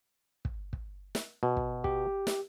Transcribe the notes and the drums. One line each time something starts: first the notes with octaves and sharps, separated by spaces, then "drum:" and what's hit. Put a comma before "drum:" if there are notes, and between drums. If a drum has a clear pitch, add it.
drum: kick
drum: kick
drum: snare
B2
drum: kick
G4, drum: kick
drum: snare